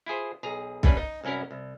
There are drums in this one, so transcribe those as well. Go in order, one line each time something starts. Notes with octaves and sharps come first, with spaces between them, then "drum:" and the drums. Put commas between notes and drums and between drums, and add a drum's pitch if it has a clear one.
E4 F4 G#4 C5
B1 G#4 A#5
E3 G3 A#3 C#4 D4 B4, drum: kick B1
D#4
C2 F#2 C#4 E4 A#4
C2